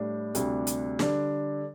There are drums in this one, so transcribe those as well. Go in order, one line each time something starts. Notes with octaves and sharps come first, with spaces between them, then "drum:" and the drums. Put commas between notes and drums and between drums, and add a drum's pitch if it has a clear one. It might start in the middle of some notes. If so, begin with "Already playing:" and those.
Already playing: A2 G3 D4
D2 C3 G3 D4 G4, drum: hi-hat
drum: hi-hat
D3 G3 D4, drum: snare